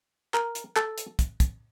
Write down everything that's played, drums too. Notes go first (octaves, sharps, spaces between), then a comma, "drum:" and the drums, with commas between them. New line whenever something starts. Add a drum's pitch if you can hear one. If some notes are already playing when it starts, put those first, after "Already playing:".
A#4, drum: clap
drum: hi-hat
A4, drum: clap
drum: hi-hat
drum: kick, hi-hat
drum: kick, hi-hat